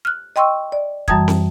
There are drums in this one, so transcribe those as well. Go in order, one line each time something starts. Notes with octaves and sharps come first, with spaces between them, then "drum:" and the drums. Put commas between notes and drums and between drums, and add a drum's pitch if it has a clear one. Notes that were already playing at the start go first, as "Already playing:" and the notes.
F6 F#6
D#5 G5 C6 C#6 E6
D5
F#2 E3 G3 A5 D#6 G#6, drum: kick
drum: snare